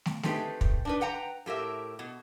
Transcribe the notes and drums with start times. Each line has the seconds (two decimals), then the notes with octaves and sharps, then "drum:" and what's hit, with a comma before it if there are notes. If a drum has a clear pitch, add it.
0.06 drum: snare
0.23 A3 C4 D#4 G4 G#4 B4, drum: snare
0.61 drum: kick
0.85 D4 D#4 B4
1.01 B4 F#5 G5 A#5
1.46 A2 G4 A#4 E5
1.99 B2